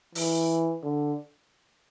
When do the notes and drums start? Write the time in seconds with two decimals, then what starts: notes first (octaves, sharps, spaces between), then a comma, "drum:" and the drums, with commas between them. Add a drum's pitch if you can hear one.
0.15 E3, drum: open hi-hat
0.83 D3